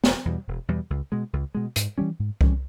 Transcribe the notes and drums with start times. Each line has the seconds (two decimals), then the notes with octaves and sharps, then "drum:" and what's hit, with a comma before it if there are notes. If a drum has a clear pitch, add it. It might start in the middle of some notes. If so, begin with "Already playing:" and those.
0.04 E1, drum: snare
0.25 E2 B2 G3
0.47 E1
0.68 E2 B2 G3
0.90 C#2
1.12 B2 G#3
1.33 C#2
1.55 B2 G#3
1.76 G#2, drum: hi-hat
1.98 E3 G3 C#4
2.19 G#2
2.41 E3 G3 C#4, drum: kick C2